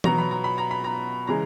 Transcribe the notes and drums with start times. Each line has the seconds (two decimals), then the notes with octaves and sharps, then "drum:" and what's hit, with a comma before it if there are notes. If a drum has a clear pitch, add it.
0.04 B2 F#3 B3 A#5, drum: tom E3
0.18 B5
0.31 A#5
0.44 B5
0.58 A#5
0.71 B5
0.84 A#5
1.27 C#3 E3 G#3 A#5